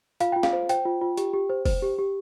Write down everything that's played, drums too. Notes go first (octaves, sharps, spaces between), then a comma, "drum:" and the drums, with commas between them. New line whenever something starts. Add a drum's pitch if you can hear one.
F4 F5, drum: hi-hat
F4 G5
F5, drum: snare
C5
C5 G5, drum: hi-hat
F4
F4
G4, drum: hi-hat
G4
C5
C5, drum: kick, open hi-hat
G4
G4